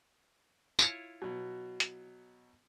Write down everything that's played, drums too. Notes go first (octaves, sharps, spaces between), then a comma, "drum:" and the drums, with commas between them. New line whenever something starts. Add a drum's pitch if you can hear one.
E4 F4 C#5, drum: tambourine
B2 F#3
drum: hi-hat